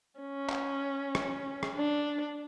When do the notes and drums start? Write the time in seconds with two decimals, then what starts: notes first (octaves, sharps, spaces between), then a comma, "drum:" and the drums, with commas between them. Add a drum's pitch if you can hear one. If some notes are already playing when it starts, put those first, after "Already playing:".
0.20 C#4
0.49 drum: clap
1.15 drum: rim click
1.63 drum: rim click
1.75 D4